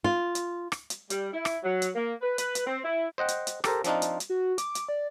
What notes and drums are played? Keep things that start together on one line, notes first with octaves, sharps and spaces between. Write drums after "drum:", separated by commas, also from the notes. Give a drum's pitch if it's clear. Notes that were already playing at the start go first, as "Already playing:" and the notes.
F4
drum: hi-hat
drum: rim click
drum: hi-hat
G3, drum: hi-hat
E4
drum: rim click
F#3
drum: hi-hat
A#3
B4
B4, drum: hi-hat
drum: hi-hat
C4
E4
C5 D#5 F#5 G5
drum: hi-hat
drum: hi-hat
G4 A4 A#4 C5, drum: rim click
F3 C4 D4 D#4 F4, drum: hi-hat
drum: hi-hat
drum: hi-hat
F#4
D6, drum: hi-hat
drum: hi-hat
D5